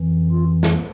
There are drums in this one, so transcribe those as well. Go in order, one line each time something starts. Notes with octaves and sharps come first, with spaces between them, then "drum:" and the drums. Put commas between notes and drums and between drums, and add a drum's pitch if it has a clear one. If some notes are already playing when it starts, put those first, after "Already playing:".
Already playing: F2 E3
F4
drum: snare